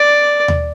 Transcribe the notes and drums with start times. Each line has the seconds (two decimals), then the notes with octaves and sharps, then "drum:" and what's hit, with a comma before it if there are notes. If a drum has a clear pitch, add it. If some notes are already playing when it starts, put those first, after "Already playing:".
Already playing: D5
0.48 drum: tom D#2